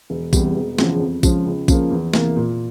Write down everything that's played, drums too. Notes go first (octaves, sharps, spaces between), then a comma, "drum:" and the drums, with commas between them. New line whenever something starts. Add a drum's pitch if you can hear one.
E1
E2 C3 G3, drum: kick A#1, tambourine
E1
E2 C#3 F3, drum: snare
F2
C#3 F3 G#3, drum: kick A#1, tambourine
C#2
C#3 F3 A#3, drum: kick A#1, tambourine
E2
C3 E3 A#3, drum: snare
A#2